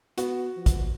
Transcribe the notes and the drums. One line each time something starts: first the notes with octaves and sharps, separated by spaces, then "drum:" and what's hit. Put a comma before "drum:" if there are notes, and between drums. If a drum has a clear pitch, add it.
B3 F#4, drum: hi-hat
F3
drum: kick, hi-hat